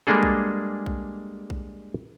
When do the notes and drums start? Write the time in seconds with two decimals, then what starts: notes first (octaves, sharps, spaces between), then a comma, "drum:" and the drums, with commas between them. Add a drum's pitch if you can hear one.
0.07 G3 G#3 A#3 D4 G#4 A4
0.23 drum: kick A#1
0.86 drum: kick A#1
1.50 drum: kick A#1